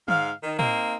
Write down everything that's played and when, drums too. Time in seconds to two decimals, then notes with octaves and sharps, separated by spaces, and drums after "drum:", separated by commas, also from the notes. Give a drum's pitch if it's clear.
0.08 G#2 F5, drum: tom
0.43 D#3
0.59 A#3 C4 D#4, drum: tom